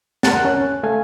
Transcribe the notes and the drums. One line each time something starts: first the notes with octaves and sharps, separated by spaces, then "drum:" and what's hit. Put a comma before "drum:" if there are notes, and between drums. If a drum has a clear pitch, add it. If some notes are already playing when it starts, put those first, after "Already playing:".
A#4 F#5 A5 F#6 A6, drum: snare
C#4 F#6
A3 A4 F5 G#5